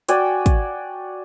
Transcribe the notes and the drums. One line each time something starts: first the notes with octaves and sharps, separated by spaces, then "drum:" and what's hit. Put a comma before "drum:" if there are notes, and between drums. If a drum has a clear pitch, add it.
F#4 D5 G5 G#5, drum: hi-hat
drum: kick, hi-hat